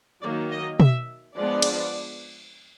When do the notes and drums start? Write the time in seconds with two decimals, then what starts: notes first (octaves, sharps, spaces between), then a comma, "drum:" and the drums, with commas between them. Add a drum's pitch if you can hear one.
0.23 D#3 F#3 A#3 D5
0.51 D#5
0.80 E5, drum: tom B2
1.36 F3 G#3 B3 D4 D5
1.62 drum: cymbal